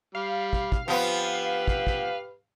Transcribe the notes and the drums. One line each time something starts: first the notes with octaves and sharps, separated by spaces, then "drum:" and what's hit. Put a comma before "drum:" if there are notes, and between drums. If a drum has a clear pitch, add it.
G3 F5
drum: kick
drum: kick
F3 B3 G4 B4
drum: kick
drum: kick